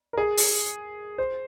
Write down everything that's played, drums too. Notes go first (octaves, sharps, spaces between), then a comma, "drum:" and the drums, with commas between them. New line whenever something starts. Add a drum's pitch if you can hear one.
A#4
G#4
drum: open hi-hat
C5